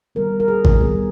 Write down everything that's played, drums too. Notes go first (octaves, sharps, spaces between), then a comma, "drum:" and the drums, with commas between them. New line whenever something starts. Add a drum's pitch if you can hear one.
D#3 G3 B3 A#4
A#4
G#4
drum: kick G#1
D#3 G3 B3 G#4